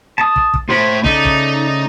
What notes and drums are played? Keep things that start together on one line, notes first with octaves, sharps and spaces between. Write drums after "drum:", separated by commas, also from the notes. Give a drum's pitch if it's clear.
A5 D#6
drum: kick
drum: kick
A2 F4 C5 B5
C#3 A3 D#4 D5, drum: kick
drum: kick